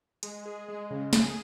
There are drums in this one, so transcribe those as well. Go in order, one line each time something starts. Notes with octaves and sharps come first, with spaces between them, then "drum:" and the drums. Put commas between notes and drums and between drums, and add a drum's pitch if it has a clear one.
G#3, drum: hi-hat
G#4
G#3
C#3
G#4, drum: snare